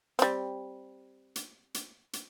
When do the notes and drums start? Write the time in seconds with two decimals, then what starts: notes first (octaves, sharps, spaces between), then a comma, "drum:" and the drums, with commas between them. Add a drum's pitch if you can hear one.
0.19 G3 C4, drum: hi-hat
1.36 drum: hi-hat
1.74 drum: hi-hat
2.13 drum: hi-hat